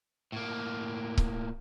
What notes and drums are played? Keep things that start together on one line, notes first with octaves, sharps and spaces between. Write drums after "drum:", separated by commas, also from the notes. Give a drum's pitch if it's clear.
A2 A#3
drum: kick C#1